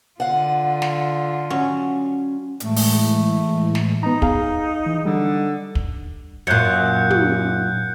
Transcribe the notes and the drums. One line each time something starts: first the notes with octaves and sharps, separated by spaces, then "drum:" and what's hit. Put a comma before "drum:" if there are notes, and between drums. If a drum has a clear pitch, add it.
D3 F4 F5 F#5
drum: snare
F#3 C#4
A2 E3 G#3 A3, drum: hi-hat
drum: open hi-hat
drum: snare
B3 D#4 A#5
G#4 F5 A#5, drum: kick
E3
D3 G3
drum: kick
F#2 A#2 F#6 G6 C#7
drum: tom